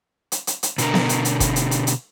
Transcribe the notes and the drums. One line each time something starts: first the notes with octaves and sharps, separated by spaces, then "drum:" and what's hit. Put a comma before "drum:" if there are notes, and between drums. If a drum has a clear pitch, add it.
drum: hi-hat
drum: hi-hat
drum: hi-hat
B2 D3 A#4, drum: hi-hat
drum: snare B3
drum: hi-hat
drum: hi-hat
drum: kick, hi-hat
drum: hi-hat
drum: hi-hat
drum: hi-hat